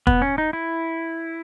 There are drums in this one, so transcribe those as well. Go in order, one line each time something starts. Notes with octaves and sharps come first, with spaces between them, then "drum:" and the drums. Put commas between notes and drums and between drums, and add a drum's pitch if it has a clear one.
B3, drum: kick
C#4
D#4
E4